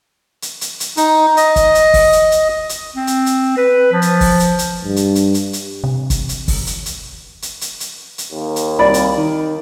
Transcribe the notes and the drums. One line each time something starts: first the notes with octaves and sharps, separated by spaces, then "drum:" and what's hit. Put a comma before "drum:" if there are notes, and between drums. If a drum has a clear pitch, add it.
drum: hi-hat
drum: hi-hat
drum: hi-hat
D#4, drum: hi-hat
D#5, drum: hi-hat
drum: kick, hi-hat
drum: hi-hat
drum: kick, open hi-hat
drum: hi-hat
drum: hi-hat
drum: hi-hat
C4
drum: hi-hat
drum: hi-hat
B4
F3
drum: hi-hat
drum: kick, open hi-hat
drum: hi-hat
drum: hi-hat
G2
drum: hi-hat
drum: hi-hat
drum: hi-hat
drum: hi-hat
C3
drum: kick, hi-hat
drum: hi-hat
drum: kick, open hi-hat
drum: hi-hat
drum: hi-hat
drum: hi-hat
drum: hi-hat
drum: hi-hat
drum: hi-hat
D#2
drum: hi-hat
C2 D5 B5
drum: hi-hat
D#3